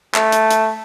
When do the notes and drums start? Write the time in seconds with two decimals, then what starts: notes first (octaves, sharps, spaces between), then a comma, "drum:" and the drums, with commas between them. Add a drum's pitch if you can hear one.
0.14 A3, drum: clap
0.32 drum: hi-hat
0.51 drum: hi-hat